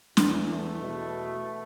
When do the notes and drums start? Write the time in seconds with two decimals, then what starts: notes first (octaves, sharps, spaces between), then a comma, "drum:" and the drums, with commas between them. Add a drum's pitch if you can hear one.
0.17 E2 E3, drum: snare
0.49 A3
0.80 E2 B2